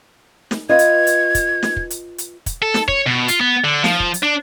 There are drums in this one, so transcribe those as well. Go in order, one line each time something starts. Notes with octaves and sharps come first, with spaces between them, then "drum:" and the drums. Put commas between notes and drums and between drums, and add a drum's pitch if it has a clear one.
drum: snare
F4 B4 D#5 G#6
drum: hi-hat
drum: hi-hat
drum: kick, hi-hat
drum: snare
drum: kick
drum: hi-hat
drum: hi-hat
drum: kick, hi-hat
A4
drum: snare
C#5, drum: kick
B2
F4, drum: hi-hat
B3
D3
F3, drum: snare
drum: kick
drum: hi-hat
D4